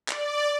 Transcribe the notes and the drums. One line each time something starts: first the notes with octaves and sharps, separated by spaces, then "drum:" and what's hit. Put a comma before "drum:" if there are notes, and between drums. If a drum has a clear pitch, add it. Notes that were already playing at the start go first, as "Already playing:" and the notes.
D5, drum: clap